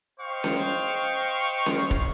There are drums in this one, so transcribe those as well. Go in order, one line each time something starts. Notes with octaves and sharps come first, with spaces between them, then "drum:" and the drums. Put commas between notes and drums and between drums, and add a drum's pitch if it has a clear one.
C5 D#5 F5 G5 C#6
drum: snare C#4
drum: snare C#4
drum: kick